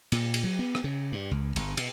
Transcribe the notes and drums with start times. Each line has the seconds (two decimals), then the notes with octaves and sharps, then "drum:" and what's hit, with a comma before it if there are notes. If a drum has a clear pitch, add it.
0.12 A#2, drum: cymbal
0.34 drum: cymbal
0.44 F#3
0.59 B3
0.75 drum: rim click
0.84 C#3
1.12 G2
1.31 C#2
1.56 G1, drum: cymbal
1.77 B2, drum: cymbal